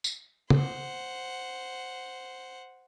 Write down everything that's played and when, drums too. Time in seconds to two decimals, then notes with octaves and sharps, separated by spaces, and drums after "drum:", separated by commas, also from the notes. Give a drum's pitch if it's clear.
0.04 drum: tambourine
0.50 C5 F#5, drum: tom